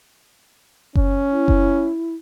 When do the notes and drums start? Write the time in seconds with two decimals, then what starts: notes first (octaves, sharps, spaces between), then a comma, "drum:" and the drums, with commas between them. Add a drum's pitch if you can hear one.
0.95 C#4, drum: kick F#1
1.31 E4
1.48 drum: kick F#1